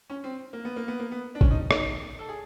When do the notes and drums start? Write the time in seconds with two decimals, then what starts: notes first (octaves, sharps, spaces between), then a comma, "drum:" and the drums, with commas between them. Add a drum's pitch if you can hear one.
0.10 C#4
0.24 C4
0.53 A#3
0.65 B3
0.76 A#3
0.88 B3
1.00 A#3
1.12 B3
1.35 D4
1.41 C#4, drum: kick A1
1.51 D#4
1.71 D#4, drum: rim click
2.19 A4
2.29 G#4